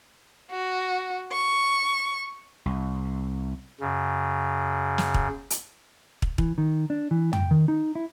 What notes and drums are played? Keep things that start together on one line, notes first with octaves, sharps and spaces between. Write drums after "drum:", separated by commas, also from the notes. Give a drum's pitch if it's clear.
F#4
C#6
C2
F#2 C#3
drum: snare
drum: kick
drum: hi-hat
drum: kick
E3, drum: kick
D#3
D4
E3
G5, drum: tom F2
D#3
D#4
E4